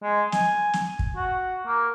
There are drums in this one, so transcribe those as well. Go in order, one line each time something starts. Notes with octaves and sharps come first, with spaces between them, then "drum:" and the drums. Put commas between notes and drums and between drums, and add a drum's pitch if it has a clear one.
G#3
G#5, drum: snare
drum: snare
drum: kick
F#4
A#3